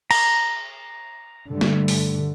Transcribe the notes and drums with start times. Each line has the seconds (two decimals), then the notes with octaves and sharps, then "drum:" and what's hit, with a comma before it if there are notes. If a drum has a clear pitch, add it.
0.11 A#5, drum: cymbal
1.51 G2 D3 G3 A3
1.61 drum: snare
1.88 drum: open hi-hat